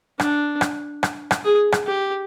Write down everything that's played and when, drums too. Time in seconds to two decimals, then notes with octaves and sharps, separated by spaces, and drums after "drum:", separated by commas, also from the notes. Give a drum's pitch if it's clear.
0.20 D4, drum: rim click
0.61 drum: rim click
1.03 drum: rim click
1.31 drum: rim click
1.44 G#4
1.72 drum: rim click
1.87 G4